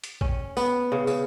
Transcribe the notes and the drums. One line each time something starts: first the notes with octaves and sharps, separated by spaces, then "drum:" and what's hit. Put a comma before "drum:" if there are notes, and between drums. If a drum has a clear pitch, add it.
drum: hi-hat
C#4, drum: kick A#1
B3, drum: tambourine
C#3
C#3, drum: tambourine